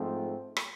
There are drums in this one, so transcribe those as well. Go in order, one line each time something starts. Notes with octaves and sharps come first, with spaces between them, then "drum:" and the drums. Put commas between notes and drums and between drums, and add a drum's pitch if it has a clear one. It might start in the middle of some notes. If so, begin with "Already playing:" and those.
Already playing: G#2 F3 A3 C4
drum: rim click